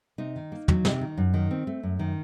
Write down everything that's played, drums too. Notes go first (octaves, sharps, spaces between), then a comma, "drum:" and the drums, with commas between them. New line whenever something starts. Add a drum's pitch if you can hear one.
C3 D#4
D#3
A#3
F#3, drum: tom
C3, drum: snare
D#3
F#2
D#3
C4
A3
F#2
D#3